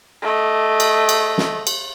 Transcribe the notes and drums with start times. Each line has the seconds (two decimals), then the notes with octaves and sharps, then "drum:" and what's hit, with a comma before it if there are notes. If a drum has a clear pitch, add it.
0.22 A3 D#5
0.80 drum: cymbal
1.09 drum: cymbal
1.38 drum: snare
1.67 drum: cymbal